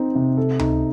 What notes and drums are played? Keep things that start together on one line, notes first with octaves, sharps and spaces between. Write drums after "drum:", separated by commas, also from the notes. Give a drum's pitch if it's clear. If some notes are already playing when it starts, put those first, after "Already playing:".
Already playing: C4 D#4
C3
A4
D#4, drum: tom C#2